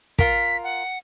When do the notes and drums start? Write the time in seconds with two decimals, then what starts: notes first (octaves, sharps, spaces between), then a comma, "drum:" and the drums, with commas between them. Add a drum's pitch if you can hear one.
0.19 F4 A#4 B6, drum: kick
0.64 F#5